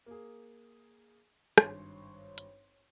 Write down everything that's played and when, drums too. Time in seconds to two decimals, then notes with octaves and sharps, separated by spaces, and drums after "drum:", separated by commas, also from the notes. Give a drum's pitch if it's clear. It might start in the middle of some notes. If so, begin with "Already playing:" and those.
0.06 A#3 G#4
1.58 G#1 G2 C#5 C6 C#6, drum: rim click
2.38 drum: hi-hat